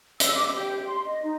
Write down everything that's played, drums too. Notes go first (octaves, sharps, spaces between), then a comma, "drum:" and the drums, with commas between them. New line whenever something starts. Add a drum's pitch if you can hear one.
E6, drum: hi-hat
D6
G4
C6
D#5
D#4